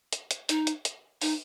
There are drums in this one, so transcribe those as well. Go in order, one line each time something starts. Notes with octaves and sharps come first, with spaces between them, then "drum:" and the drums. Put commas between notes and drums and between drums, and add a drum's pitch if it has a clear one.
drum: hi-hat
drum: hi-hat
D#4, drum: hi-hat
drum: hi-hat
drum: hi-hat
D#4, drum: open hi-hat